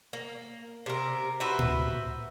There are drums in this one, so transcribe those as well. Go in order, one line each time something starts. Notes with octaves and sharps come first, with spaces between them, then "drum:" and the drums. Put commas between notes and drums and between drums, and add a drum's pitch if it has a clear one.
A#3
C3 A#4
F#4 B4 C5 E5
drum: tom A2